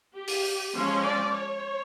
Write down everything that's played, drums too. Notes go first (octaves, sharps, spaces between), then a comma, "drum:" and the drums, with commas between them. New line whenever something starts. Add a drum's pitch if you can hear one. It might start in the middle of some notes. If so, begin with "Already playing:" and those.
G4
drum: open hi-hat
F3 G#3 C#4
D5
C#5